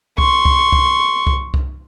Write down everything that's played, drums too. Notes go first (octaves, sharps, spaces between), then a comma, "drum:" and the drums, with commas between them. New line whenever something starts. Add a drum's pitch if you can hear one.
C6 C#6, drum: kick C2
drum: kick C2
drum: kick C2
drum: kick C2
drum: kick C2